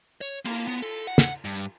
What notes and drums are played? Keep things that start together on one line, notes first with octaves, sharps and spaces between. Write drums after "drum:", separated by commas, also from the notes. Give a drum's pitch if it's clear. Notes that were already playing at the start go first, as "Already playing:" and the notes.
C#5
A#3, drum: cymbal
B3
A4
F#5
drum: snare
G2